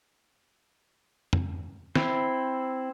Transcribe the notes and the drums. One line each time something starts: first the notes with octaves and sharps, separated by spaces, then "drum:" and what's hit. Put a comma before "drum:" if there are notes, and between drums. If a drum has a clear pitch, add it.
drum: tom
C4 E4, drum: snare